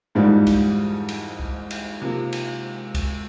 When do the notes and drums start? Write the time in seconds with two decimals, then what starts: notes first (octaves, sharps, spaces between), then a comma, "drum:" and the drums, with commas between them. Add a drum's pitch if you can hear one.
0.15 F2 G#2 E3 G3 A#3 F4
0.47 drum: kick C#2, cymbal
1.09 drum: cymbal
1.40 drum: kick C#2
1.71 drum: cymbal
2.01 C3 F3 A#3
2.33 drum: cymbal
2.95 drum: kick C#2, cymbal